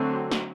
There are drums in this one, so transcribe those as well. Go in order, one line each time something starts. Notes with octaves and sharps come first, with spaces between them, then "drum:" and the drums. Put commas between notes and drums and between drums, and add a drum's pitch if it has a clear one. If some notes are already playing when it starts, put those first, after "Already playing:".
Already playing: D3 F#3 A3 C4
drum: snare